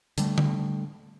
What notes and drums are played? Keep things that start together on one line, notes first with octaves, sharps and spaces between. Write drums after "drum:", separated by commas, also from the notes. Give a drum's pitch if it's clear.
D3 G3 A3, drum: hi-hat
drum: tom D3